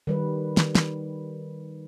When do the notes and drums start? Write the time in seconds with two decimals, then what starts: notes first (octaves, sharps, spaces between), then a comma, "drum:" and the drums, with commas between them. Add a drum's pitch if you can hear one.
0.07 D#3 G3 B4
0.57 drum: snare
0.75 drum: snare